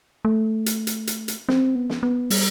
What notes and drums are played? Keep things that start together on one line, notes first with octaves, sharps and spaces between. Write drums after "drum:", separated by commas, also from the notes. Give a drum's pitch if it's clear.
A3
drum: hi-hat
drum: hi-hat
drum: hi-hat
drum: hi-hat
C4, drum: snare
B3
drum: snare
B3
G3, drum: open hi-hat